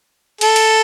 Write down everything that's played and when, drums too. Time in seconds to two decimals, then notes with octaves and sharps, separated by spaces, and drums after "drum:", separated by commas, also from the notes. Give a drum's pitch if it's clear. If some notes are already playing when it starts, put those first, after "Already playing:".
0.41 A4, drum: cymbal
0.56 drum: cymbal